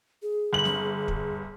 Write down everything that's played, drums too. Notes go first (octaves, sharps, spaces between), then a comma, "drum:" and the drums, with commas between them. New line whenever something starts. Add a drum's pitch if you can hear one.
G#4
G1 F#7
drum: snare
drum: kick